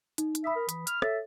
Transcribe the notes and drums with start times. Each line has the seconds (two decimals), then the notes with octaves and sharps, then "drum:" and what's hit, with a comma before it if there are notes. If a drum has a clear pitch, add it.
0.18 D#4, drum: hi-hat
0.35 drum: hi-hat
0.44 E5 B5 D#6 B6
0.56 A#4
0.69 E3, drum: hi-hat
0.87 F6, drum: hi-hat
1.02 A4 C#5 E5 A6, drum: rim click